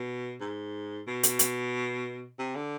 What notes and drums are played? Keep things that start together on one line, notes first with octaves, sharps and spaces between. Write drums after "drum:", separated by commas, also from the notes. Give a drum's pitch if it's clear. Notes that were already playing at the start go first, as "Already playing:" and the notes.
Already playing: B2
G#2
B2
drum: hi-hat
drum: hi-hat
C3
D3